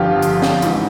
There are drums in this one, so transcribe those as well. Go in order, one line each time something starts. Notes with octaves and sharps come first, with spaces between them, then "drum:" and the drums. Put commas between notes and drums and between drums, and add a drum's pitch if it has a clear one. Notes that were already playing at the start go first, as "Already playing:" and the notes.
Already playing: G1 F2 D3 F3 F4 G4
drum: hi-hat
drum: snare
A1 G#2 E3, drum: hi-hat